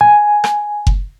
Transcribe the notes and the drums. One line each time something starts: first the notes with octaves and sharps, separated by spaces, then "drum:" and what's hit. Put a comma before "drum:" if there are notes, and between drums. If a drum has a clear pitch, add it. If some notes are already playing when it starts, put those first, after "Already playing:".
G#5
drum: rim click
drum: kick F#1